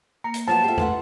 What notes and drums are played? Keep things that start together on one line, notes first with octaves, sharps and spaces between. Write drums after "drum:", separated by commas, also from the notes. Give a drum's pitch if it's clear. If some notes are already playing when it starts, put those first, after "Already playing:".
A#3 A#5
drum: hi-hat
F3 F#3 B3 A5
F4 G4 A4 C5 E5
A3 B4 F5 F#5 C6, drum: tom E2